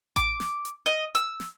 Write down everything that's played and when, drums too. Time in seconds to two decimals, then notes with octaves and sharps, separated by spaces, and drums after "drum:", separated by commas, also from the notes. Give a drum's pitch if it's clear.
0.16 D6, drum: kick A1, hi-hat
0.40 drum: snare
0.65 drum: hi-hat
0.86 D#5
1.15 E6, drum: hi-hat
1.40 drum: snare